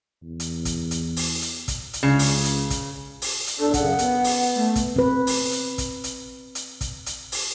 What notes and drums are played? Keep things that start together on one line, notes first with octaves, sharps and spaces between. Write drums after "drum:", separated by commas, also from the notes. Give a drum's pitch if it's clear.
E2
drum: hi-hat
drum: kick, hi-hat
drum: hi-hat
drum: open hi-hat
drum: hi-hat
drum: kick, hi-hat
drum: hi-hat
C#2 C#3
drum: open hi-hat
drum: hi-hat
drum: kick, hi-hat
drum: open hi-hat
drum: hi-hat
E2 D4 A4
F#2 C#3 F#5, drum: kick, hi-hat
B3, drum: hi-hat
drum: open hi-hat
A3
drum: kick, hi-hat
C4 B4
drum: open hi-hat
drum: hi-hat
drum: kick, hi-hat
drum: hi-hat
drum: hi-hat
drum: kick, hi-hat
drum: hi-hat
drum: open hi-hat